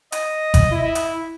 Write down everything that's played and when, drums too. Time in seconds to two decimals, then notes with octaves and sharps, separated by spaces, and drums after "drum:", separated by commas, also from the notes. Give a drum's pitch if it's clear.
0.12 D#5, drum: hi-hat
0.54 drum: kick G#1, hi-hat
0.71 E4
0.95 drum: hi-hat